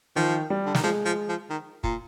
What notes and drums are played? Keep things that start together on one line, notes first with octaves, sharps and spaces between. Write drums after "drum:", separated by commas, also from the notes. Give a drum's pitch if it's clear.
D#3 F3
G3
D3
D#3, drum: snare
F3 G#3
F3
F3
D#3
A#2, drum: kick